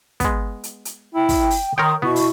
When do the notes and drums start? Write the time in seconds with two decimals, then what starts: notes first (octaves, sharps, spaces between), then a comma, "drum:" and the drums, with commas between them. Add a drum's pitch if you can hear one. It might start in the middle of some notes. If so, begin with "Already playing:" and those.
0.20 G#3 B3, drum: kick, hi-hat
0.64 drum: hi-hat
0.85 drum: hi-hat
1.15 E4 G5
1.29 drum: kick, open hi-hat
1.50 drum: open hi-hat
1.78 D#3 A#4 C#5 G5 A#5 C6 D#6
2.02 B2 B3 E4 C#6
2.16 drum: open hi-hat